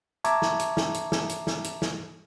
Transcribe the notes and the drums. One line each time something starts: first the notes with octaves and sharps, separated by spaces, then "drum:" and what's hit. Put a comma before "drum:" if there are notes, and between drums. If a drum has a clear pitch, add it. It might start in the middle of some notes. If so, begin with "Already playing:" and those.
E5 A5 A#5 C#6 D6 G#6, drum: hi-hat
drum: snare
drum: hi-hat
drum: snare
drum: hi-hat
drum: snare
drum: hi-hat
drum: snare
drum: hi-hat
drum: snare